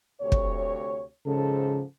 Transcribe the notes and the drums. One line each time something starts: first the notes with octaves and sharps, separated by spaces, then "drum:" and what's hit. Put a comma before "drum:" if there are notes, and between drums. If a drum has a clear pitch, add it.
D2 C3 C#5
drum: kick
G#2 C#3 F3 A4